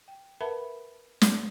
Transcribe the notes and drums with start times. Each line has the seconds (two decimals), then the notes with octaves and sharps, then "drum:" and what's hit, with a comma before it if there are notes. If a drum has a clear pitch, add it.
0.08 G5
0.41 A#4 B4 E5 F#5 A5 B5
1.21 drum: snare